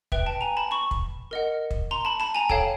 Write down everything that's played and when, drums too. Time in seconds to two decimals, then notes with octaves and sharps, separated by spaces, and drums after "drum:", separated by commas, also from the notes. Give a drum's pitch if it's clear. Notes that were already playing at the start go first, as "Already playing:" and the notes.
0.12 B4 E5 G5, drum: kick
0.26 G5 A5
0.41 G#5 A#5
0.57 A5 B5
0.71 B5 C#6
0.91 drum: kick
1.31 A#4 D#5 F#5
1.71 drum: kick
1.91 A#5 C6
2.05 A5 B5
2.20 A5 B5
2.35 G#5 A#5
2.50 A4 C#5 F5 G5 A5, drum: kick